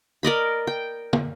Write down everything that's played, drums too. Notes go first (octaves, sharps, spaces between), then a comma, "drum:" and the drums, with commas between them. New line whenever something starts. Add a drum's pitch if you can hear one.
A#4 D5 D#5 B5
G5
drum: tom